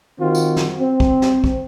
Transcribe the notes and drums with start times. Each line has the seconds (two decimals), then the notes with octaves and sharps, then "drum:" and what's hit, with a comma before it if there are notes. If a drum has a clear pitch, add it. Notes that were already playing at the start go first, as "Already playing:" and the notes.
0.20 D#3 C4 F4 F#4
0.35 drum: tambourine
0.56 drum: snare
0.78 C4
1.00 drum: kick
1.22 drum: snare
1.44 drum: kick